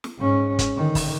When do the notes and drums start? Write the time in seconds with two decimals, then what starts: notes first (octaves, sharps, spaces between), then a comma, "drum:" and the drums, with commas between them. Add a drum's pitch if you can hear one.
0.04 drum: snare
0.18 G#2 C#4
0.59 drum: kick, hi-hat
0.77 D3 D#3
0.95 drum: kick, open hi-hat